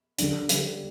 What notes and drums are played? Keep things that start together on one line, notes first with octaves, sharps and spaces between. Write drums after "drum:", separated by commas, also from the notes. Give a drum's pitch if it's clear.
D3 G3 D4, drum: hi-hat
D3 G3 D4, drum: hi-hat